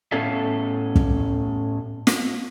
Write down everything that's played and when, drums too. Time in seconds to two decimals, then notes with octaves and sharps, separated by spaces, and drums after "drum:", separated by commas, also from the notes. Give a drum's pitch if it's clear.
0.12 A2 B3 C#4 A4 E5 F5
0.95 drum: kick
2.07 drum: snare